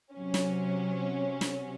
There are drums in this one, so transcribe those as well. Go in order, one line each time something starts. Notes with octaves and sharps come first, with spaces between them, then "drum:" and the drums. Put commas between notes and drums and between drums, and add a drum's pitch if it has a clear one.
C3 F#3 C#4
drum: snare
drum: snare